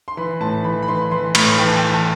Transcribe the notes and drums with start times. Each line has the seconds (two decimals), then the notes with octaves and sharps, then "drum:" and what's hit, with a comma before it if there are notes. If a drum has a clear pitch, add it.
0.08 C6
0.17 E3 B5
0.40 A2 A5
0.64 E3 B5
0.82 B5
0.88 E3 C6
1.11 E3 C6
1.35 A2 B5, drum: cymbal
1.58 E3 G5
1.67 A5
1.76 G5
1.81 E3
1.93 A5